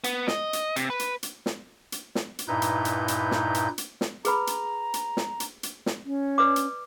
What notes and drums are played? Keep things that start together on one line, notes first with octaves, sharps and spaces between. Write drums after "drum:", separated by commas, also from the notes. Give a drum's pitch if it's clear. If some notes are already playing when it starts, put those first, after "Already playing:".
B3, drum: hi-hat
D#5, drum: snare
drum: hi-hat
C3, drum: hi-hat
B4
drum: hi-hat
drum: hi-hat
drum: snare
drum: hi-hat
drum: snare
drum: hi-hat
G2 A#2 D#4 E4 B4 G6
drum: hi-hat
drum: hi-hat
drum: hi-hat
drum: snare
drum: hi-hat
drum: hi-hat
drum: snare
G#4 B4 A#5 B5, drum: hi-hat
drum: hi-hat
drum: hi-hat
drum: snare
drum: hi-hat
drum: hi-hat
drum: snare
C#4
B4 D5 D6
drum: hi-hat